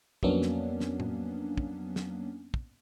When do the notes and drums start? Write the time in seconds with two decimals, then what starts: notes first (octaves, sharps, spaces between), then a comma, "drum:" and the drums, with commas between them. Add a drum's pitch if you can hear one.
0.23 F2 F#3 A#3 B3 C#4 D4, drum: kick
0.42 drum: snare
0.80 drum: snare
1.00 drum: tom A2
1.58 drum: kick
1.96 drum: snare
2.54 drum: kick